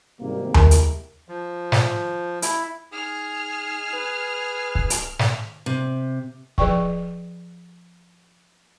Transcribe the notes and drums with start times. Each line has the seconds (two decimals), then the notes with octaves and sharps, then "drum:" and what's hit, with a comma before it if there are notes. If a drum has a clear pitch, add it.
0.20 G#1 C3 G3 A#3
0.54 C3 G3 G#3 E4 G4 A#4, drum: tom D#2
0.71 drum: hi-hat
1.29 F3
1.72 drum: snare
2.42 E4, drum: hi-hat
2.93 D#4 G#4 F6
3.93 B4
4.75 drum: kick
4.90 drum: hi-hat
5.19 drum: snare
5.66 C3
6.58 F3 G#4 B4 D5 G5 C#6, drum: kick